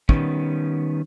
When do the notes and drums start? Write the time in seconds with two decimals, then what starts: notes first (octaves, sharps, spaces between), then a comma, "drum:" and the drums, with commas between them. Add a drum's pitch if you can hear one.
0.09 D#3 G3 B3 C#4, drum: kick